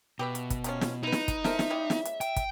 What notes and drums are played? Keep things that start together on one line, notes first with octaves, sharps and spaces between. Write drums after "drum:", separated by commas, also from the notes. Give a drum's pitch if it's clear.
B2 G4 B4 E5
drum: hi-hat
drum: kick, hi-hat
C3 F3 C#4, drum: hi-hat
drum: snare
D#4 E4 B4
drum: snare
drum: kick, hi-hat
A4 A#4 C5 E5, drum: snare
drum: snare
C#3 G3 G#3
drum: snare
drum: hi-hat
G5, drum: hi-hat
drum: kick, hi-hat